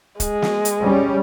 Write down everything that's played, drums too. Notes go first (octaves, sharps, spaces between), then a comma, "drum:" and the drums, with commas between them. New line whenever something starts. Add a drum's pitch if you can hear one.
G#3, drum: kick, hi-hat
drum: snare
drum: hi-hat
G3 C#4